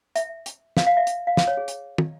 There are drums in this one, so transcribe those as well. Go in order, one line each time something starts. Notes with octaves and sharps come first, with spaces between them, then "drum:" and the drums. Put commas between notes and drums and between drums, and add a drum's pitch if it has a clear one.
E5, drum: hi-hat
drum: hi-hat
F5, drum: snare
F5
E5
drum: hi-hat
F5
F5, drum: snare
C#5
G#4
drum: hi-hat
drum: tom